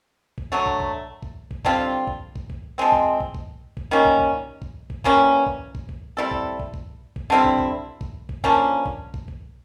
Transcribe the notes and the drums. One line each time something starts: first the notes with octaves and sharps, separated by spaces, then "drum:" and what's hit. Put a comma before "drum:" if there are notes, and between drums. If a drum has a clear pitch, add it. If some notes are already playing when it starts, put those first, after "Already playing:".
drum: kick
D3 F#3 A3
drum: kick
drum: kick
drum: kick
drum: kick
D3 G3 C4 F4, drum: kick
drum: kick
drum: kick
drum: kick
F3 G#3 C4
drum: kick
drum: kick
drum: kick
drum: kick
D#3 G3 A#3 C#4
drum: kick
drum: kick
drum: kick
drum: kick
E3 G3 A#3 C#4, drum: kick
drum: kick
drum: kick
drum: kick
G3 C4 E4 A4
drum: kick
drum: kick
drum: kick
drum: kick
D3 G3 C4 E4
drum: kick
drum: kick
drum: kick
drum: kick
D3 F3 A#3 C#4, drum: kick
drum: kick
drum: kick
drum: kick